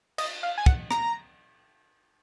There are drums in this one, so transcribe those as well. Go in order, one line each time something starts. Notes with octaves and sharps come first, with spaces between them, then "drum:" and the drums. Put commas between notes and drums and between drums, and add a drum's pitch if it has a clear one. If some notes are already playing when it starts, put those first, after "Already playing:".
D#5, drum: cymbal
F5
G#5
F#5, drum: kick
A#5, drum: rim click